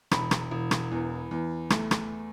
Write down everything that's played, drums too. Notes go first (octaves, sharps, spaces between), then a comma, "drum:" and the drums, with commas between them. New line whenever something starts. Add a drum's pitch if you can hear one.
E1 B5, drum: rim click
drum: rim click
E1
drum: rim click
E2
E2
A3, drum: rim click
drum: rim click